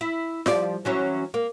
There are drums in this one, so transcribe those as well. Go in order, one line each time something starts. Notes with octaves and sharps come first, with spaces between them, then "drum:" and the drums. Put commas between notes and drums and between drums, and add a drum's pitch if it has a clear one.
E4
F3 G3 D5, drum: snare F4
E3 F#3 C#4
A#3